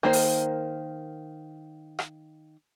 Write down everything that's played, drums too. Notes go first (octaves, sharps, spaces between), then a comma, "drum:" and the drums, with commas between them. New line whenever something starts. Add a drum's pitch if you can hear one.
D#3 A#3 C5
drum: open hi-hat
drum: rim click